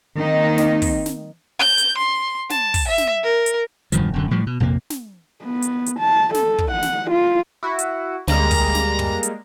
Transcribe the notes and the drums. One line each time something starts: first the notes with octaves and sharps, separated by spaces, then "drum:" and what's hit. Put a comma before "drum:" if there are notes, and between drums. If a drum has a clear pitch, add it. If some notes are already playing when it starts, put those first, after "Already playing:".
D#3 A#3 C4 D#4
drum: snare
drum: kick, open hi-hat
drum: snare
G6
drum: hi-hat
C6
A5, drum: snare
drum: kick, open hi-hat
E5
drum: snare
A#4
drum: hi-hat
E1 G2 D#3 F3, drum: hi-hat
E1 F#2 D3
A2 F3 G3
B2
A#1 F2 C3 A#3
drum: snare
B3
drum: hi-hat
drum: hi-hat
A5
A4, drum: snare
drum: kick
F#5
drum: snare
F4
E4 F#4
drum: hi-hat
D2 G3 G#3 A#3 A#5, drum: snare
drum: kick, open hi-hat
drum: snare
drum: tom
drum: hi-hat